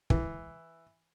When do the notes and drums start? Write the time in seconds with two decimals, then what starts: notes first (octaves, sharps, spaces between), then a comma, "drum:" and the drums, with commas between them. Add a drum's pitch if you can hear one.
0.10 E3, drum: kick